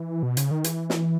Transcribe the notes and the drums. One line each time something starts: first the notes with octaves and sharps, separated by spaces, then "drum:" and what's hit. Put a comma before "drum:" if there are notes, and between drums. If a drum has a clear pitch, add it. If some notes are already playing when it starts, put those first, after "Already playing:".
Already playing: E3
B2
C#3, drum: hi-hat
D#3
E3, drum: hi-hat
drum: snare